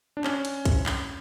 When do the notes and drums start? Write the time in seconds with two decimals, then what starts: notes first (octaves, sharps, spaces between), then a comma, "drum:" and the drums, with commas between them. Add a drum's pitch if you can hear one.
0.17 D4
0.24 C#4, drum: clap
0.45 drum: hi-hat
0.65 drum: kick, hi-hat
0.86 drum: clap